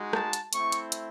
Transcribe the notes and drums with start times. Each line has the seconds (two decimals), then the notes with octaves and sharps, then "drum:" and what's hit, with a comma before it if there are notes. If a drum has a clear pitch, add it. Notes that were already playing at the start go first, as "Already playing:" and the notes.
Already playing: G#3 D#4 F#4
0.13 A5, drum: rim click
0.33 drum: hi-hat
0.53 A3 C4 E4 C#6, drum: hi-hat
0.72 drum: hi-hat
0.92 drum: hi-hat